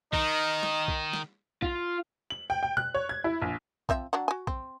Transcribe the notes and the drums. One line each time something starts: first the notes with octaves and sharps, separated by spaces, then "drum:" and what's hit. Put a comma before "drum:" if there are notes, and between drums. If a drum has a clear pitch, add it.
D#3 D#4, drum: kick B1
drum: snare
drum: kick B1
drum: snare
F4, drum: kick B1
F#7
G5
G5
F#6, drum: tom B2
C#5
G#6
E4
A#1
F3 C4 E5, drum: kick B1
F#3 D4 F#5
F#4 G#5
C4, drum: kick B1